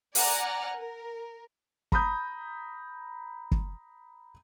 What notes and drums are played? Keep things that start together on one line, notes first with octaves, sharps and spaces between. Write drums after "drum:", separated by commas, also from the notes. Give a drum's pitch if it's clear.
D5 F#5 G#5 A#5 F6, drum: open hi-hat
A#4
A#5 B5 D#6 G6, drum: kick
drum: kick